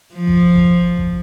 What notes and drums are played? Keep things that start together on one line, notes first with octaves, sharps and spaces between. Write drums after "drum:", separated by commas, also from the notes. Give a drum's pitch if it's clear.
F3
drum: kick G#1
drum: kick G#1
drum: kick G#1